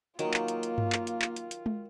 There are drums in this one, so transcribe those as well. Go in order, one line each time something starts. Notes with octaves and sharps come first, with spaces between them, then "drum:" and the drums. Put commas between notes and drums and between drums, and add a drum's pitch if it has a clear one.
D#3 F#3 A#3 D#4 F4, drum: hi-hat
drum: clap
drum: hi-hat
drum: hi-hat
drum: tom G2
drum: clap
drum: hi-hat
drum: clap
drum: hi-hat
drum: hi-hat
drum: tom G#3